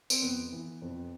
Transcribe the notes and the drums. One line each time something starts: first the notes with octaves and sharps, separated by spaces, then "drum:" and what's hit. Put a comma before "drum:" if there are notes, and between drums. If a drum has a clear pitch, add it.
C4, drum: tambourine
F2 B3
E3
F2